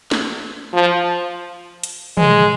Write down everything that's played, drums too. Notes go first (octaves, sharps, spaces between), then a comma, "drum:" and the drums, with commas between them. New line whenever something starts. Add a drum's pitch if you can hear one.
drum: snare
F3
drum: hi-hat
G#3, drum: tom